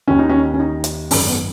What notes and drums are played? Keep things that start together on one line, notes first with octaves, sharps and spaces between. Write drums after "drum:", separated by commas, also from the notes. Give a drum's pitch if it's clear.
D#2 D#3 C#4
D#4
C#4
C#4
D#4
drum: hi-hat
G#1 F#2 D#3 C#4, drum: open hi-hat
B3